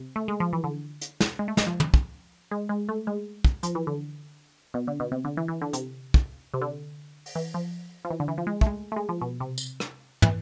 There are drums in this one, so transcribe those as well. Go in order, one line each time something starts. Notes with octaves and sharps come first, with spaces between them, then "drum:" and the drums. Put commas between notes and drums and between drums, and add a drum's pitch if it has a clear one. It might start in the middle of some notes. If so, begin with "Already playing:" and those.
Already playing: C3
A3
G#3
F3
E3
D3
drum: hi-hat
drum: snare
G#3
A3
G#3, drum: snare
F3
drum: tom
drum: kick
G#3
G#3
A3
G#3
drum: kick
F3, drum: hi-hat
E3
D3
B2
D3
B2
C3
D3
E3
E3
D3
C3, drum: hi-hat
drum: kick
C3
D3
drum: open hi-hat
E3
F3
F3
E3
D3
E3
F3
G#3
A3, drum: kick
G#3
A3
G#3
F3
B2
C3
drum: tambourine
drum: rim click
E3, drum: tom